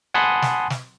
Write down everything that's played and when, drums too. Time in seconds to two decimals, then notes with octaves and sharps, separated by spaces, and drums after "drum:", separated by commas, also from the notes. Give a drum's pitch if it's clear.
0.14 F#5 G#5 A5 B5 C6 D#6
0.42 drum: snare
0.70 drum: snare